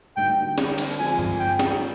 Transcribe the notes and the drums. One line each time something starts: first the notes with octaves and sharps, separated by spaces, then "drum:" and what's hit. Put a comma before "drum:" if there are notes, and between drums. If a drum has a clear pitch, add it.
D3 G3 A#3 D#4 F#4 G5
drum: snare
drum: cymbal
F3 G#3 C4 F4 G#4 G#5
drum: tom G2
G5
drum: snare